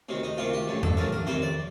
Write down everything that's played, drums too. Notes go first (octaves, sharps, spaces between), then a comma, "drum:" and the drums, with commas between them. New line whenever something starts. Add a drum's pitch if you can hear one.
D2 C3 D#3
D#4
D2 C3 D#3 F4
G4
A1 G2 D3
A4, drum: tom E2
A1 G2 D3 A#4
A#4
F2 C3 D#3 C5
D5